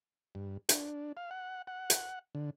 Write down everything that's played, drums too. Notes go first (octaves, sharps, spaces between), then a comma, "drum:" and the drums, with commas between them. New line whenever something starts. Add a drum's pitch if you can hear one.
G2
D4, drum: hi-hat
F5
F#5
F#5
drum: hi-hat
D3